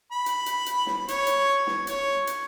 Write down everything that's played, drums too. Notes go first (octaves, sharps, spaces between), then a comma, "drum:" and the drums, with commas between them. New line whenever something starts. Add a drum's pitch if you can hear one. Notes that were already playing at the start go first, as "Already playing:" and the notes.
B5
drum: hi-hat
drum: hi-hat
drum: hi-hat
drum: snare
C#5, drum: hi-hat
drum: hi-hat
drum: snare
C#5, drum: hi-hat
drum: hi-hat